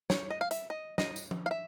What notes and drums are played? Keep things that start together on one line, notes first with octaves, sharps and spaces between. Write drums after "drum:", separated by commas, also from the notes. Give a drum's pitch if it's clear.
C#5, drum: snare
D#5
F5
E5, drum: hi-hat
D#5
D#5, drum: snare
drum: tambourine
drum: tom F3
F5
E5